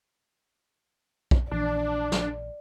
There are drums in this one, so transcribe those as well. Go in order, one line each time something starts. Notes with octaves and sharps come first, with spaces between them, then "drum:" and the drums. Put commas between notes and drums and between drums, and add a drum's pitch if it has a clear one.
drum: kick
A#1 E3 D4 D5
drum: snare